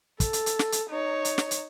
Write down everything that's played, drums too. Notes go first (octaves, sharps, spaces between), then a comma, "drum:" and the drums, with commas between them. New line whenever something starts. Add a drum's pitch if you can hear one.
A4, drum: kick, hi-hat
drum: hi-hat
drum: hi-hat
drum: snare
drum: hi-hat
D#4 C#5
drum: hi-hat
drum: snare
drum: hi-hat